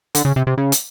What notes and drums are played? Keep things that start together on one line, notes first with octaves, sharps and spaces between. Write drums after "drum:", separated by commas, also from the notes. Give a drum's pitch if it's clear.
D3, drum: hi-hat
C#3
C3
C3
C#3
drum: hi-hat